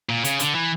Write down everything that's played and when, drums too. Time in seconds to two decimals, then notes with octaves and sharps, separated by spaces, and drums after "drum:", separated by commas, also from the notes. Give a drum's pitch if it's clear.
0.09 A#2
0.24 C#3, drum: hi-hat
0.39 D3, drum: hi-hat
0.55 E3